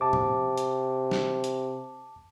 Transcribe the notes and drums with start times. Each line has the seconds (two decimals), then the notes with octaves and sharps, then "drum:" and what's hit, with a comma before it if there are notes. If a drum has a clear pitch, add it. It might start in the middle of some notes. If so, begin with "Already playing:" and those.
0.01 C3 A5 D6
0.13 drum: tom
0.58 drum: hi-hat
1.11 drum: snare
1.44 drum: hi-hat